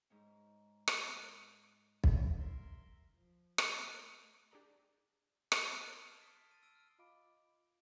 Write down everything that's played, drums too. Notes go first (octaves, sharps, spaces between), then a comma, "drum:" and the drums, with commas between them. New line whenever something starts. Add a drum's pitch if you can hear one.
G#2 G#3 C#4
drum: rim click
drum: kick
A#4 E5 C6
F3
drum: rim click
A3
D4 G4 G#4 D5 A#5
drum: rim click
A5 C6 G#6 A6 C7
F6 E7 G7
D#6 B6 D7
A6 D#7
E6 A6 D7 D#7
F6 D7
F4 D#5 F5 B5 D6 D7